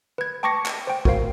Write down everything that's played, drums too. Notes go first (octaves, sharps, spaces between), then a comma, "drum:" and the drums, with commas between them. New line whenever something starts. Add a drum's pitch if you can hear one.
B4 G#6
G5 A5 C#6 D6 A#6 C#7
drum: clap
C5 G5
F#4 A#4 C5 F5, drum: kick G#1